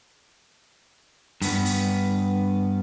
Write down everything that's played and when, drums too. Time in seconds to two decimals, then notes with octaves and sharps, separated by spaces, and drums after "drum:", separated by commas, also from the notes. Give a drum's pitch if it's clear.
1.42 G2 B3, drum: open hi-hat
1.65 drum: open hi-hat